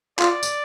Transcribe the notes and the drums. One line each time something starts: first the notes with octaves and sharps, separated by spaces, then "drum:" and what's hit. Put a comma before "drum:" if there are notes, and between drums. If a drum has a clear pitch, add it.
F4 D5, drum: clap
drum: tambourine